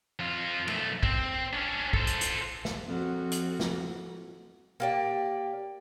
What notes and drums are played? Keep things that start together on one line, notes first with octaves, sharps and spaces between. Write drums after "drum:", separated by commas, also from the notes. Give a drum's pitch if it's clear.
F2 F4
B1 A3, drum: cymbal
C4, drum: kick
C#4 D4
A4 C5, drum: kick
drum: hi-hat
drum: hi-hat
drum: snare
F2 F#4
drum: hi-hat
drum: snare
A#3 G4 D5